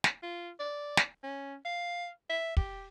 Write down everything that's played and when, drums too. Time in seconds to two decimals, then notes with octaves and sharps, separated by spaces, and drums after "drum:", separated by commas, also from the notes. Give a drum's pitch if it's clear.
0.04 drum: snare
0.22 F4
0.59 D5
0.97 drum: snare
1.23 C#4
1.65 F5
2.29 E5
2.57 G4, drum: kick